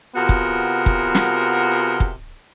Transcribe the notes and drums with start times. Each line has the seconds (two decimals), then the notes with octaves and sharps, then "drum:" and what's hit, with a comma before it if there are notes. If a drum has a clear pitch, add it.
0.15 C3 B3 F4 F#4 G#4 A#4
0.29 drum: kick
0.86 drum: kick
1.15 drum: snare
2.00 drum: kick